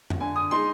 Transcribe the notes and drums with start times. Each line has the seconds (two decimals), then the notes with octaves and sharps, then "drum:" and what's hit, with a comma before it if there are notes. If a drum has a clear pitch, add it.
0.10 drum: tom F2
0.20 D3 G#5
0.36 D#6
0.51 G#3 D#4 C6